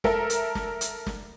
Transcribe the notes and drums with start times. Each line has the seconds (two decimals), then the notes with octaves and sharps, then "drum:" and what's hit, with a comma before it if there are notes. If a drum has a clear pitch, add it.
0.04 A4 A#4 E5, drum: snare
0.30 drum: hi-hat
0.55 drum: snare
0.81 drum: hi-hat
1.07 drum: snare